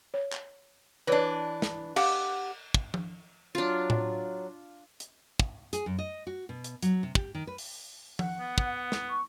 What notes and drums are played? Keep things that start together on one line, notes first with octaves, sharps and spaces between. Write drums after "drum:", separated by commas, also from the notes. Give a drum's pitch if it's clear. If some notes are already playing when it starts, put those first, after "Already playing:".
C#5
drum: clap
E3 D4 B4 C#5 D5
drum: snare
G4 F5 F#5, drum: cymbal
drum: kick
drum: tom F3
F#3 D4 F4
drum: tom A2
drum: hi-hat
drum: kick
G#4, drum: hi-hat
F#2
D#5
F#4
B2
drum: hi-hat
F#3, drum: hi-hat
C3
G4, drum: kick
D#3
B4
drum: open hi-hat
F#5, drum: tom F3
B3
B3, drum: kick
drum: snare
C#6